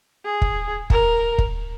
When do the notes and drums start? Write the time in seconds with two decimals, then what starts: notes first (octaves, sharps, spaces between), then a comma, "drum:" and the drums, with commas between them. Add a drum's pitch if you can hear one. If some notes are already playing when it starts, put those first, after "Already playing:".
0.25 G#4
0.42 drum: kick
0.90 A#4, drum: kick
1.38 drum: kick